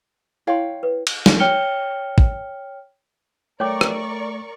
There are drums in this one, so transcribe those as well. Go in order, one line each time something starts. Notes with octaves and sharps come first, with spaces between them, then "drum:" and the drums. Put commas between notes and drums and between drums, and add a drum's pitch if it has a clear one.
E4 C#5 F5 G5 C6
B4
drum: cymbal
drum: snare
C#5 G5 F6 C#7 G7
drum: kick
A3 A#4 C#5 D5 G5 C#6 D6
drum: rim click